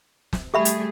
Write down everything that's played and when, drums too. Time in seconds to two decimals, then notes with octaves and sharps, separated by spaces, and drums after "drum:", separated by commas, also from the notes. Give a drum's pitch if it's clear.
0.33 drum: snare
0.54 G3 A3 G4 G#4 E5 B5
0.65 drum: hi-hat